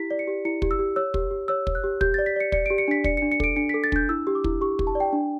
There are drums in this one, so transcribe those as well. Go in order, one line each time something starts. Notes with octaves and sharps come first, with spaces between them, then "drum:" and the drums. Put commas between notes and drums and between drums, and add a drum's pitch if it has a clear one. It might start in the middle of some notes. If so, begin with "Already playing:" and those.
Already playing: E4 G4 B6
D5
C#7
G4
E4 C#7
G4, drum: kick
E6
G4
C#5 E6
G4, drum: kick
G4
C#5 E6
C#5, drum: kick
F#6
G4
G4 G6, drum: kick
A6
D5
B6
D5 C#7
D5 C#7, drum: kick
D7
G4
C#7
D4 B6
D5 C#7, drum: kick
C#7
D4
C#7
A4 D7, drum: kick
D4 C#7
B6
A4
A6
D4 G6, drum: kick
E4 E6
G4
D6
E4, drum: kick
G4 C#6
G4, drum: kick
A5
D5
G5
D4